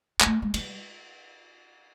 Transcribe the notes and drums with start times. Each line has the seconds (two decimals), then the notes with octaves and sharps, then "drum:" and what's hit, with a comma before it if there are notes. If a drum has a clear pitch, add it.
0.21 G#3, drum: clap
0.26 A3
0.42 G#3
0.54 G#3, drum: cymbal
0.58 G3